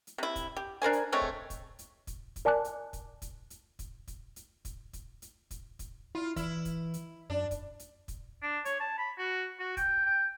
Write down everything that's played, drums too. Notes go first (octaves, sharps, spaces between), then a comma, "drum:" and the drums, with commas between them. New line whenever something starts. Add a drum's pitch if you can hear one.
drum: hi-hat
C3 E4
drum: kick, hi-hat
G4
D4 A#4 C5 G#5
drum: hi-hat
G#3 A3 C4 C#5
drum: kick
drum: kick, hi-hat
drum: hi-hat
drum: kick, hi-hat
drum: kick, hi-hat
A#4 D5 G#5 A5 D6 F#6
drum: hi-hat
drum: kick, hi-hat
drum: kick, hi-hat
drum: hi-hat
drum: kick, hi-hat
drum: kick, hi-hat
drum: hi-hat
drum: kick, hi-hat
drum: kick, hi-hat
drum: hi-hat
drum: kick, hi-hat
drum: kick, hi-hat
E4 F4
E3 E4, drum: kick, hi-hat
drum: kick, hi-hat
drum: hi-hat
F#2 D4
drum: kick, hi-hat
drum: hi-hat
drum: kick, hi-hat
D4
C#5, drum: hi-hat
A5
B5
F#4
F#4
G5, drum: kick, hi-hat
G5